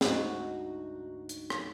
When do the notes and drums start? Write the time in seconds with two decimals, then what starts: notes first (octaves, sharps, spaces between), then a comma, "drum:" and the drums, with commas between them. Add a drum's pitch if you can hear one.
0.01 D2 G#2 D#4 F#4, drum: snare
1.29 drum: hi-hat
1.50 drum: rim click